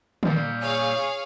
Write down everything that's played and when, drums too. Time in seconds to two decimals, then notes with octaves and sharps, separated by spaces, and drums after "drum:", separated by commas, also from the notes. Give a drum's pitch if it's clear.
0.23 A#2 G3, drum: tom D3
0.61 G#4 C#5 F5